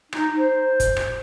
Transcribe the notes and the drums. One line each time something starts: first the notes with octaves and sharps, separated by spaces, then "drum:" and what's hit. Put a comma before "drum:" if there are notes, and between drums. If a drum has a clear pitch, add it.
D#4, drum: rim click
C5
drum: kick, hi-hat
drum: rim click